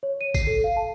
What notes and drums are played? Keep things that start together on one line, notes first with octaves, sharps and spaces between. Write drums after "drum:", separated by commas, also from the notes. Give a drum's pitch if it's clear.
C#5
D#7
C7, drum: kick, tambourine
A4
F5
A5